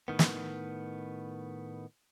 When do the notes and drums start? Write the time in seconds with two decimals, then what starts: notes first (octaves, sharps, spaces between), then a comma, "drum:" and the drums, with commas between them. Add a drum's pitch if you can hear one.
0.08 A2 D#3 B3
0.19 drum: snare